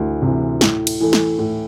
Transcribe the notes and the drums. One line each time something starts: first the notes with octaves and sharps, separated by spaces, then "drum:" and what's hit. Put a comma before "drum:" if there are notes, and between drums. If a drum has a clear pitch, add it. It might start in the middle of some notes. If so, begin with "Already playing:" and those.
Already playing: D2 E3
C3 E3
A2, drum: snare
drum: cymbal
E3 A3
drum: snare
A2